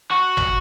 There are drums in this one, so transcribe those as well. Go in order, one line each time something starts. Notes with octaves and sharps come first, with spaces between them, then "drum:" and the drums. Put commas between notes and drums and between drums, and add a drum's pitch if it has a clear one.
F#4
drum: tom G1